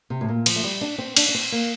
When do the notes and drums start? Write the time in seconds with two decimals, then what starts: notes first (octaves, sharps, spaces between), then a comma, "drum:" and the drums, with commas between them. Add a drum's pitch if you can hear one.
0.10 C3
0.21 A2
0.28 A#2
0.46 F3, drum: cymbal
0.56 A3
0.64 G3
0.81 D4
0.98 C4
1.16 D4, drum: cymbal
1.29 D4
1.35 C4
1.52 A#3